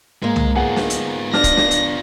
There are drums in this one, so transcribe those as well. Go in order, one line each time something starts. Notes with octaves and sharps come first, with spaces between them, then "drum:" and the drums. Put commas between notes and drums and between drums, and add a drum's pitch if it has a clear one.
G#2 G#3 A#3
drum: tom
B3 F4 G#4 F#5
drum: snare
drum: hi-hat
D4 F6 A#6, drum: snare
drum: kick, hi-hat
drum: snare
drum: hi-hat